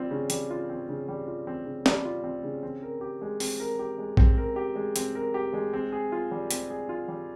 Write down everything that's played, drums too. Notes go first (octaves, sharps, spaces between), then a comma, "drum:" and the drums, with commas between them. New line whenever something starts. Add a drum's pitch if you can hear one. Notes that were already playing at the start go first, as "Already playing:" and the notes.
Already playing: G3 C4 F4
C#3
G3, drum: hi-hat
F4
C4
C#3
G3
F4
C4
C#3
G3, drum: snare
F4
C4
C#3
C4
A#4
G4
G#3
C4, drum: open hi-hat
A#4
G4
G#3
C4, drum: kick A#1
A#4
G4
G#3
C4, drum: hi-hat
A#4
G4
G#3
C4
G#4
F4
G3
C4, drum: hi-hat
G#4
F4
G3